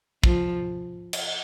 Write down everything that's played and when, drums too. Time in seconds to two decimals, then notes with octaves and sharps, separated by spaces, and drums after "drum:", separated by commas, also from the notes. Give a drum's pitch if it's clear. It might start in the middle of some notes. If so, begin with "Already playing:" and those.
0.24 F3, drum: kick
1.13 drum: cymbal